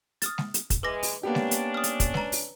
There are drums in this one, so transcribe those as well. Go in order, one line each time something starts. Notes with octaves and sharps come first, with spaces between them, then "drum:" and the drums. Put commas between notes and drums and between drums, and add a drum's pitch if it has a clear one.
D#6 F6 A6, drum: hi-hat
drum: snare
drum: hi-hat
drum: kick, hi-hat
E3 G#3 B4 D6 A#6
drum: open hi-hat
A#3 B3 C#4 D4 G4
drum: snare
drum: hi-hat
D#6 F6
drum: hi-hat
drum: kick, hi-hat
B4 A#5, drum: snare
drum: open hi-hat